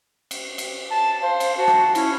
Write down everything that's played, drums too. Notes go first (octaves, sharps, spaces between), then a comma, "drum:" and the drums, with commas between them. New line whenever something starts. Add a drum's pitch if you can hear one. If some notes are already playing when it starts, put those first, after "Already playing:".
drum: cymbal
drum: cymbal
A5
C5 F5
drum: cymbal
F#4 A5
drum: rim click
C#4 E4, drum: cymbal